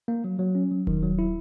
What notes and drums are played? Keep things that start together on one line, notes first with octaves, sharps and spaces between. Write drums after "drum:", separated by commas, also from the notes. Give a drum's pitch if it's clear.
A#3
F#3
F#3
C#4
F#3
D#3, drum: kick D#1
F#3
E4